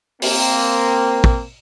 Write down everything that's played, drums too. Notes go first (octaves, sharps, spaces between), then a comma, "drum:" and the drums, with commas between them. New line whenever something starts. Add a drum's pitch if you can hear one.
A#3 C4, drum: open hi-hat
drum: kick